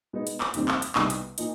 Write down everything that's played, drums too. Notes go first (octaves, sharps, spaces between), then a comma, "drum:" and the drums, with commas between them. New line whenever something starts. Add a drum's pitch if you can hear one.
B2 G#3 B3 D#4
drum: hi-hat
drum: clap
F1 D#2 D#3 G3 C4, drum: hi-hat
drum: clap
drum: hi-hat
C2 B2 G3 B3 D#4, drum: clap
drum: hi-hat
A#2 F3 A#3 D#4, drum: hi-hat